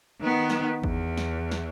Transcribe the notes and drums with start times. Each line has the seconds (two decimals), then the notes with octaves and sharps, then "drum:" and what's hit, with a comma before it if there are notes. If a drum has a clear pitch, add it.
0.21 D#3 B3
0.50 drum: snare
0.84 E2, drum: kick G1
1.17 drum: snare
1.51 drum: snare